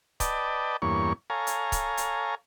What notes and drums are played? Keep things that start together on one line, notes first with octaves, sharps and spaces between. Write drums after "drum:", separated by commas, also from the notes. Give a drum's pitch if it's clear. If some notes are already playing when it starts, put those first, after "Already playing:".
B4 D5 D#5 G5 A5, drum: kick C#1, hi-hat
E2 G2 A#3 C#5 C#6
A4 C#5 F5 G#5 A#5
drum: hi-hat
drum: kick C#1, hi-hat
drum: hi-hat